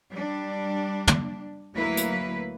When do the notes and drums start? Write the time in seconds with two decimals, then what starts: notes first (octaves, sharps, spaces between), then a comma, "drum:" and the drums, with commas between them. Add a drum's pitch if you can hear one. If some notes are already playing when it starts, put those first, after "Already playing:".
0.11 G3 D4
1.07 drum: tom
1.74 D2 F#3 A#3 E4 B4
1.97 drum: hi-hat